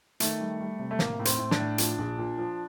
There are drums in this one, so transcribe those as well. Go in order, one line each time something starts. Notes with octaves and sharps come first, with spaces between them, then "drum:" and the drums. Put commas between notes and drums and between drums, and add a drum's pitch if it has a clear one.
D#3 A3, drum: hi-hat
G3
G3
C3
A3
A2 A#3, drum: snare
A2
C4, drum: hi-hat
A2
D4, drum: snare
A2
F3, drum: hi-hat
A#1
A#2
F3